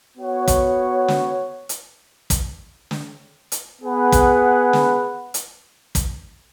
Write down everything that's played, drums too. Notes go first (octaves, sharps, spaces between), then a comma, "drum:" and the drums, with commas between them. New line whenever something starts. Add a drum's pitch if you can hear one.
B3 F#4 C#5 F#5
drum: kick, hi-hat
drum: snare
drum: hi-hat
drum: kick, hi-hat
drum: snare
drum: hi-hat
B3 G#4 B4 F#5
drum: kick, hi-hat
drum: snare
drum: hi-hat
drum: kick, hi-hat